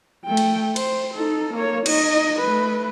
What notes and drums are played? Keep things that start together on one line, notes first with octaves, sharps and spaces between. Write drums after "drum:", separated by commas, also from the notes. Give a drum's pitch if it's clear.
A3 G5
drum: cymbal
C5, drum: cymbal
D#4 A4
A#3 C#5
D#4 D#5, drum: cymbal
A3 B4